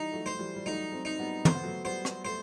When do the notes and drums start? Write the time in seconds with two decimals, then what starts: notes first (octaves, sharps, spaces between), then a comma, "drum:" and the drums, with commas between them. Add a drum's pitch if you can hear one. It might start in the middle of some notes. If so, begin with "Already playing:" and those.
Already playing: E3 G3 D#4
0.12 F#3 A3
0.26 C5
0.39 E3 G3
0.56 G3
0.65 F#3 A3 D#4
0.92 A3 C4
1.05 D#4
1.19 G3 B3
1.45 A3 C5, drum: tom
1.55 B3
1.63 F#3 A3
1.85 G3 B3 C5
2.05 drum: rim click
2.25 F#3 A3 C5